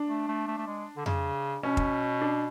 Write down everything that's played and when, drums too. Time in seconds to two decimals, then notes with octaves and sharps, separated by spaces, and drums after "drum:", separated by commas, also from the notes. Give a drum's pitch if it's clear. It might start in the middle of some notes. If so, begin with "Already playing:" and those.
Already playing: D4
0.08 A3
0.28 A3
0.47 A3
0.58 A3
0.67 G#3
0.97 D3
1.06 C#3, drum: tom F2
1.63 B2 C#4
1.77 drum: kick
2.21 D4